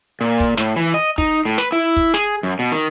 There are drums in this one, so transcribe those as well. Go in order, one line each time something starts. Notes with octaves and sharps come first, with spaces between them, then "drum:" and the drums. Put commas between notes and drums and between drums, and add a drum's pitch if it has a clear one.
A#2
drum: kick
A2, drum: snare
E3
D#5
D#4, drum: kick
A2
B4, drum: snare
E4
drum: kick
G#4, drum: snare
F#2
B2
D#3